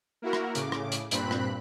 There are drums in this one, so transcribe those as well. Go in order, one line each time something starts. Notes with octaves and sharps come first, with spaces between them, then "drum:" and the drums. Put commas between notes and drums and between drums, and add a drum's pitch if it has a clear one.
A#3 E4 F#4 A#4
drum: rim click
A2 C#3 D6, drum: hi-hat
drum: rim click
drum: hi-hat
G2 A#2 C4 B5 F#6, drum: hi-hat
drum: rim click